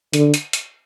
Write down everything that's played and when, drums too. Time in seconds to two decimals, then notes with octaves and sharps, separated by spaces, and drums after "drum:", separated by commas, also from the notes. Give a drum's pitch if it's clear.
0.13 D3, drum: hi-hat
0.34 drum: hi-hat
0.53 drum: hi-hat